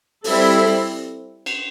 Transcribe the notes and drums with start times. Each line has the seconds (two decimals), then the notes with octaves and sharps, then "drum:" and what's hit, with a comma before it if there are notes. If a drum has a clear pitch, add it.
0.24 G3 C4 E4 A4, drum: open hi-hat
1.46 drum: cymbal